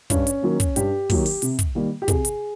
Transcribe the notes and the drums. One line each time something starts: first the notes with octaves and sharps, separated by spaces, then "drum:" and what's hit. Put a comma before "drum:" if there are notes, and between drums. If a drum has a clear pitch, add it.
G2 C#4, drum: kick, hi-hat
drum: hi-hat
D#3 F#3 A#3
drum: kick, hi-hat
G2 G4, drum: hi-hat
D#3 F#3 A#3, drum: kick, open hi-hat
drum: open hi-hat
C3, drum: hi-hat
drum: kick, hi-hat
D#3 G3 A#3
G4
C3 G#4, drum: kick, hi-hat
drum: hi-hat